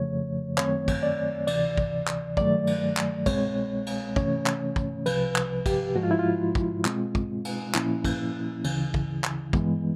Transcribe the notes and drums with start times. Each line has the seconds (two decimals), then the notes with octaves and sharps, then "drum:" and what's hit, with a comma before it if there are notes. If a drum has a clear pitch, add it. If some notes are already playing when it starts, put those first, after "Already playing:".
Already playing: F2 C#3 F3 A3 C#5
0.58 F#2 D#3 F#3 A3 C4 C#5, drum: clap
0.88 drum: kick, cymbal
1.03 D5
1.47 D2 C3 E3 D5, drum: cymbal
1.77 drum: kick
2.07 drum: clap
2.37 G2 D#3 F#3 A3 D5, drum: kick
2.67 drum: cymbal
2.97 drum: clap
3.26 C2 B2 G#3 C4 C#5, drum: kick, cymbal
3.86 drum: cymbal
4.16 C3 E3 A3 C#4 C#5, drum: kick
4.46 drum: clap
4.76 drum: kick
5.06 C2 C3 F3 B4, drum: cymbal
5.36 drum: clap
5.66 G4, drum: kick, cymbal
5.95 G#2 F3 G#3 F#4
6.03 F4
6.11 E4
6.19 F4
6.55 drum: kick
6.85 B2 G#3 C4, drum: clap
7.15 drum: kick
7.45 drum: cymbal
7.74 A#2 F3 A#3 C#4 E4, drum: clap
8.05 drum: kick, cymbal
8.64 D2 C#3 E3, drum: cymbal
8.94 drum: kick
9.24 drum: clap
9.53 G2 E3 G#3 B3, drum: kick